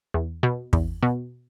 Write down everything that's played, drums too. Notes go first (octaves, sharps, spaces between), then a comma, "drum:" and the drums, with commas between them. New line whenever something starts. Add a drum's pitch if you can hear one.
E2
B2
E2, drum: kick
B2